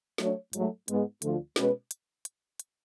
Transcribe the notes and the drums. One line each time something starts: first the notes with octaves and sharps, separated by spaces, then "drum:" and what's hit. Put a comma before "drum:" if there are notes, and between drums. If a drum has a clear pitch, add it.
F#3 A3 D4 F#4 C#5, drum: snare
G#2 F#3 A3, drum: hi-hat
G#2 G#3 B3, drum: hi-hat
D2 D3 F3 A3 F4, drum: hi-hat
B2 G#3 C#4 F#4 B4, drum: snare
drum: hi-hat
drum: hi-hat
drum: hi-hat